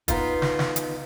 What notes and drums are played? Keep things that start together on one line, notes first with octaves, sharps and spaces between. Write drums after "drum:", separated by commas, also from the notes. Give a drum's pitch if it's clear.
B3 D#4 F4, drum: kick, hi-hat
drum: snare
drum: snare
drum: hi-hat